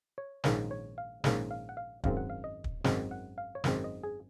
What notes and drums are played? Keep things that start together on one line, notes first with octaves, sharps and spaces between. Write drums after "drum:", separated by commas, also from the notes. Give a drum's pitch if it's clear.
C#5
A#1 G#2 D#3 A#3 C#4 D#5, drum: snare
C#5
F5
A#1 G#2 D#3 A#3 C#4 D#5, drum: snare
F5
F#5
F5
G#1 F#2 D#3 G#3 C4 F5, drum: kick
F#5
F5
D#5
drum: kick
G#1 F#2 D#3 G#3 C4 F#5, drum: snare
F#5
F5
C#5
G#1 F#2 D#3 G#3 C4 D#5, drum: snare
D#5
G#4